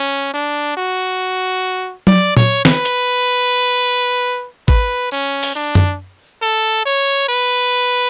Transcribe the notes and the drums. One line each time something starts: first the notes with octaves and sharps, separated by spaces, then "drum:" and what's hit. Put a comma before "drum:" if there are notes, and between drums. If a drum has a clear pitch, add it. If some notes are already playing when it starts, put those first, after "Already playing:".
Already playing: C#4
D4
F#4
D5, drum: tom F#3
C#5, drum: tom A#2
B4, drum: snare
drum: hi-hat
B4, drum: kick G#1
C#4, drum: tambourine
drum: open hi-hat
D4
drum: tom F#2
A4
C#5
B4